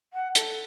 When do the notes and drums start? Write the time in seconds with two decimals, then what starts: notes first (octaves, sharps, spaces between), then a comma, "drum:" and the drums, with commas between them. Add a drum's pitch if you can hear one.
0.13 F#5
0.35 A4, drum: hi-hat